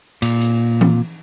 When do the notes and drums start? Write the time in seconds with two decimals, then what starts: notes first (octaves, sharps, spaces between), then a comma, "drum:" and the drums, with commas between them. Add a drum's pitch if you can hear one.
0.22 A#2, drum: cymbal
0.41 drum: hi-hat
0.81 drum: tom E3